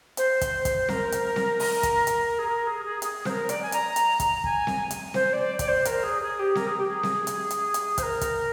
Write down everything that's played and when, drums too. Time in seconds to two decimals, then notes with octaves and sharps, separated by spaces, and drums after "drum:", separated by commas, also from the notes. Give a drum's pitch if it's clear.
0.17 C5, drum: hi-hat
0.41 drum: kick, hi-hat
0.65 drum: kick, hi-hat
0.89 A#4, drum: snare C4
1.12 drum: hi-hat
1.36 drum: snare C4
1.60 drum: open hi-hat
1.83 drum: kick, hi-hat
2.07 drum: hi-hat
2.38 G#4
2.48 A#4
2.66 G#4
2.83 G#4
3.02 G#4, drum: hi-hat
3.25 C5, drum: snare C4
3.29 A#4
3.49 D5, drum: hi-hat
3.62 G#5
3.72 A#5, drum: hi-hat
3.96 drum: hi-hat
4.20 drum: kick, hi-hat
4.44 G#5, drum: kick
4.67 drum: snare C4
4.91 drum: hi-hat
5.14 C5, drum: snare C4
5.32 D5
5.59 D5, drum: kick, hi-hat
5.67 C5
5.85 A#4, drum: hi-hat
6.03 G#4
6.21 G#4
6.38 G4
6.55 A#4, drum: snare C4
6.66 G#4
6.77 G4
6.86 G#4
7.03 drum: snare C4
7.27 drum: hi-hat
7.51 drum: hi-hat
7.74 drum: hi-hat
7.98 C5, drum: kick, hi-hat
8.02 A#4
8.21 drum: kick, hi-hat